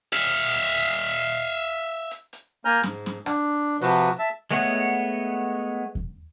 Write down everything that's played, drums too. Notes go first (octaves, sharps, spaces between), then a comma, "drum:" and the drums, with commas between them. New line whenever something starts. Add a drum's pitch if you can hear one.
E5 F5
drum: hi-hat
drum: hi-hat
A#3 G#5 A#5 F6 G6
G#2, drum: snare
drum: snare
D4, drum: rim click
C3 F3 F#4 B4, drum: open hi-hat
E5 A5
G#3 A3 B3 C#5 F#5, drum: hi-hat
drum: kick E2